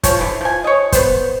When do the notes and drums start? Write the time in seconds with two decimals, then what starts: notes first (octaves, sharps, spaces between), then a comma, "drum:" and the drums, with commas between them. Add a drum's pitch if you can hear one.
0.03 F3 C#5, drum: kick, hi-hat
0.19 D3 E3
0.41 F3 G#5
0.64 C#5 D#5
0.92 B3 C5, drum: kick, hi-hat